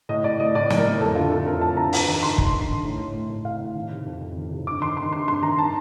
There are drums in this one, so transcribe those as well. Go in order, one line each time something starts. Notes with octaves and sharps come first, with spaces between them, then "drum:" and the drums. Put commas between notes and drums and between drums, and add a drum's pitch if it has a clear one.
A2 D#5
A2 D5
A2 D#5
A2 D5
A2, drum: snare
A#4
A2
F2 A4
D3 F4
D3 A4
F2 A#4
F2 A5
D3 A#5
G2 A5, drum: open hi-hat
D#3 A#5
D#3 C6
G2, drum: kick
G2
D#3
A2
A2
A2
A2
A2 F5
A2
D#3
C3
F2
F2
D#3
C3
G2 D6
D#3 C6
D#3 C6
G2 C6
G2 C6
D#3 A#5
A5